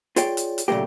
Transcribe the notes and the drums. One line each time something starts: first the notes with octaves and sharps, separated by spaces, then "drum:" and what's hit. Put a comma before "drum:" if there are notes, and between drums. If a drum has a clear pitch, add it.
F4 G#4 C#5 D5 G5, drum: hi-hat
drum: hi-hat
drum: hi-hat
A#2 C#3 F#3 A3 A#3 G4